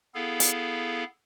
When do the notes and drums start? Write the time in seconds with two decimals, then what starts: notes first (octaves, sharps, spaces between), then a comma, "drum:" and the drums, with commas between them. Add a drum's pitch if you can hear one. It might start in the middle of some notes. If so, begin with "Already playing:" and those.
0.15 B3 E4 G#4 A4 F5
0.40 drum: hi-hat